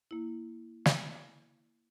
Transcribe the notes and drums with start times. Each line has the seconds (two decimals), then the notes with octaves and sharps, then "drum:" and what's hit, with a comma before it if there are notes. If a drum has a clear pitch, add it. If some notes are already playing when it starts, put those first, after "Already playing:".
0.11 A#3 E4
0.86 drum: snare